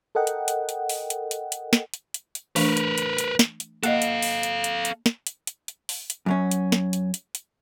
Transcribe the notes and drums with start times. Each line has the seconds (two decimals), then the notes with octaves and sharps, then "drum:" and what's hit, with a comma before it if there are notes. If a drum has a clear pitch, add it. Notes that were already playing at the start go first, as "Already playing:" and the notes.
0.15 A4 A#4 D#5 F#5 G5
0.27 drum: hi-hat
0.48 drum: hi-hat
0.69 drum: hi-hat
0.89 drum: open hi-hat
1.10 drum: hi-hat
1.31 drum: hi-hat
1.52 drum: hi-hat
1.73 drum: snare
1.94 drum: hi-hat
2.14 drum: hi-hat
2.35 drum: hi-hat
2.56 E3 A3 D4 A#4 B4, drum: open hi-hat
2.77 drum: hi-hat
2.98 drum: hi-hat
3.18 drum: hi-hat
3.39 drum: snare
3.60 drum: hi-hat
3.83 A#3 A4 D#5 F5, drum: hi-hat
4.02 drum: hi-hat
4.23 drum: open hi-hat
4.43 drum: hi-hat
4.64 drum: hi-hat
4.85 drum: hi-hat
5.06 drum: snare
5.27 drum: hi-hat
5.47 drum: hi-hat
5.68 drum: hi-hat
5.89 drum: open hi-hat
6.10 drum: hi-hat
6.26 F#2 F#3 C#4
6.51 drum: hi-hat
6.72 drum: snare
6.93 drum: hi-hat
7.14 drum: hi-hat
7.35 drum: hi-hat